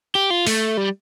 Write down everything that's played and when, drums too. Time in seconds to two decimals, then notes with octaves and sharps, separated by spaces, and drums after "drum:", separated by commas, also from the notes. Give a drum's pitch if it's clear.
0.15 G4
0.30 F4
0.47 A3, drum: open hi-hat
0.77 G3